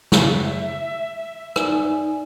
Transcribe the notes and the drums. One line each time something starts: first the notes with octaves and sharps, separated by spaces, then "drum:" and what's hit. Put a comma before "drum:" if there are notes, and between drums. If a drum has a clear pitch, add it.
C#3 F#3 E5, drum: snare
D#4 D5 G#5, drum: rim click